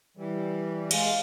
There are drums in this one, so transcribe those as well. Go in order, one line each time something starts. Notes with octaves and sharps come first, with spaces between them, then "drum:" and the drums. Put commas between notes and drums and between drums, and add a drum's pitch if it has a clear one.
E3 G3
G#3 F5, drum: cymbal